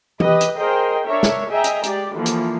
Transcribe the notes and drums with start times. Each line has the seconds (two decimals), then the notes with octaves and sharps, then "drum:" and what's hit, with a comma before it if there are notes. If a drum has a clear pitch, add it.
0.20 G4 B4 D#5, drum: tom E3
0.41 drum: hi-hat
0.58 G#4 A#4 C5 D#5 G5
1.06 D4 A#4 C#5 E5
1.23 drum: snare
1.50 G#4 D#5 E5 G5 G#5 A#5
1.64 drum: hi-hat
1.83 G#3 G4 D5, drum: hi-hat
2.14 D3 E3 F3 A#3
2.26 drum: hi-hat